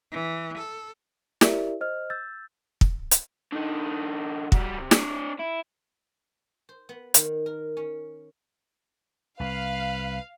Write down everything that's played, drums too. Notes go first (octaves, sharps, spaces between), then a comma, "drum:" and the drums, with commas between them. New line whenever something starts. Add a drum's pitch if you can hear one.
E3
A4
E4 G4 A#4 D5 E5, drum: snare
C5 D#5 F6
E6 G6 A6
drum: kick
drum: hi-hat
D3 D#4
G3 F#4, drum: kick
C3
D4 C#5, drum: snare
E4
C5
B3
D#3, drum: hi-hat
A#4
C#4
C2 B4 F5